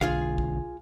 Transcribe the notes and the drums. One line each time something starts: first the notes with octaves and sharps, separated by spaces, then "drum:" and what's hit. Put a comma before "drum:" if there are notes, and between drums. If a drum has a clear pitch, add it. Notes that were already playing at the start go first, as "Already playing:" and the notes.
B1 D3 F4 G#4 F5, drum: kick
drum: kick